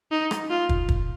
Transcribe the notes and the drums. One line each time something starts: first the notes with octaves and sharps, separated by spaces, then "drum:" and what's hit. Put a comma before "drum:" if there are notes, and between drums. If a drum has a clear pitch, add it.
D#4
drum: rim click
F4
drum: kick
drum: kick